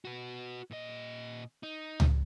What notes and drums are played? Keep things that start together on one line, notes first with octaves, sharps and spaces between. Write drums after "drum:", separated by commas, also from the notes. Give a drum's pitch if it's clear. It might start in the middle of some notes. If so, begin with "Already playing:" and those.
F#4 B4
A#2 D#5
D#4
drum: tom C#2